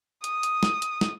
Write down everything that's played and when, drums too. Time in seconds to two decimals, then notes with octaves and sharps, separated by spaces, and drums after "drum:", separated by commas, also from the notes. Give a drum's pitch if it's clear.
0.24 D#6, drum: hi-hat
0.43 drum: hi-hat
0.63 drum: snare
0.82 drum: hi-hat
1.01 drum: snare